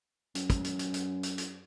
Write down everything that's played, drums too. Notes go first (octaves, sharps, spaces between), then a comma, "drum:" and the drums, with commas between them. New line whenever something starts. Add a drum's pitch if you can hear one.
F#2, drum: hi-hat
drum: kick, hi-hat
drum: hi-hat
drum: hi-hat
drum: hi-hat
drum: hi-hat
drum: hi-hat